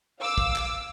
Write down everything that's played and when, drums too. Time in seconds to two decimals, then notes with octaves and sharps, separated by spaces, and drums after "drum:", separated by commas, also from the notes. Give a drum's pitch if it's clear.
0.19 F5 D6 E6
0.38 drum: kick
0.56 drum: clap